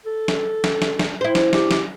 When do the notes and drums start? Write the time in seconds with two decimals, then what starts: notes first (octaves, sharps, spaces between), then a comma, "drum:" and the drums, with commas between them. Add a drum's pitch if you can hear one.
0.06 A4
0.28 drum: snare
0.64 drum: snare
0.82 drum: snare
0.99 drum: snare
1.21 E4 C5
1.35 drum: snare
1.53 G4, drum: snare
1.71 drum: snare